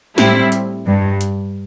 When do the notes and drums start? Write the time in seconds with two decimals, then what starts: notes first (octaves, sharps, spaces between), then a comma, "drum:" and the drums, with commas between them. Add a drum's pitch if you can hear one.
0.18 A2 G3 C4 E4, drum: snare
0.52 drum: hi-hat
0.86 G2
1.21 drum: hi-hat